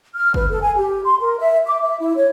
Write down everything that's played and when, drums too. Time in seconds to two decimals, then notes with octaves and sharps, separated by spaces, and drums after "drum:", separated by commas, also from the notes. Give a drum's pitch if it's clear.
0.15 F6
0.34 B4, drum: kick
0.49 A4
0.62 G#5
0.77 G4
1.04 C6
1.20 A#4
1.38 E5
1.66 D6
1.82 E5
1.99 E4
2.17 C#5